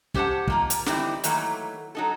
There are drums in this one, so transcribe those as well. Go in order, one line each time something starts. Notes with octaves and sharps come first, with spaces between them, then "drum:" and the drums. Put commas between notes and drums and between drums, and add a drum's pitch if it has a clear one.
C#4 G4 C5 C#5 F#5 A5, drum: kick
D#3 A#3 F4, drum: kick
drum: hi-hat
D3 E3 G3 C4 D#4 E4, drum: snare
D#3 E3 F#3 A3 A#3, drum: hi-hat
F#3 D#4 A4